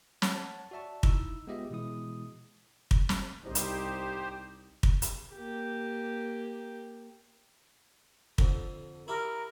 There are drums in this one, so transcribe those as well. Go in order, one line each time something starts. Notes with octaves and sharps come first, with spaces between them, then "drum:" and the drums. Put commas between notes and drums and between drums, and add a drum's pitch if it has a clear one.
C#5 F#5 A5 A6, drum: snare
F#4 D5 E5 A5 C#6
D#4 E4 E6, drum: kick
G#3 B3 F4 G4 D#5 E5
B2 E3 G#3 E4 D#6
drum: kick
drum: snare
C2 D#4 G4 C5
drum: hi-hat
drum: kick
drum: hi-hat
A#3 G4
F2 D3, drum: kick
E4 G4 A#4